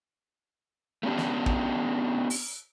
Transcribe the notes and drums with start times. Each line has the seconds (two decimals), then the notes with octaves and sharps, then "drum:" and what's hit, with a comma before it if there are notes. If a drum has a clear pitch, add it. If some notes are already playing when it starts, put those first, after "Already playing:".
1.03 A3 B3 C#4 D4 G4
1.18 drum: snare
1.46 drum: kick
2.30 drum: open hi-hat